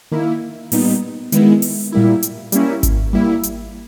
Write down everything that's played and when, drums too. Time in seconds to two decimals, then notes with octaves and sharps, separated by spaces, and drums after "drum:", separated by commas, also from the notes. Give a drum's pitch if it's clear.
0.12 D#3 A#3 E4
0.72 A#2 G3 B3 D#4, drum: open hi-hat
1.32 D#3 G#3 B3 E4, drum: hi-hat
1.62 drum: open hi-hat
1.92 A#2 G3 A#3 E4
2.23 drum: hi-hat
2.52 G3 A#3 C#4 E4, drum: hi-hat
2.83 drum: kick G#1, hi-hat
3.13 G3 A#3 E4
3.43 drum: hi-hat